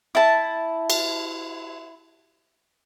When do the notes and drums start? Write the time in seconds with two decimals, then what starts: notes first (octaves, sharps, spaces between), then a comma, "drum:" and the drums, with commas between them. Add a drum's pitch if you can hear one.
0.15 E4 A5
0.90 drum: cymbal